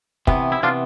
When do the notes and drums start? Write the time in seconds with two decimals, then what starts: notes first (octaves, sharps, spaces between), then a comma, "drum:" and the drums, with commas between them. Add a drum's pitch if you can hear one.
0.27 C3 E3 B3, drum: kick
0.52 E4
0.63 C3 E3 B3 D4 F4